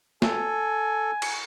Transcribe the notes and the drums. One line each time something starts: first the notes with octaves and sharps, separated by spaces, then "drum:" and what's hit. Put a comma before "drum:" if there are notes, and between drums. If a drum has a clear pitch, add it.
A4 G#5, drum: snare
drum: cymbal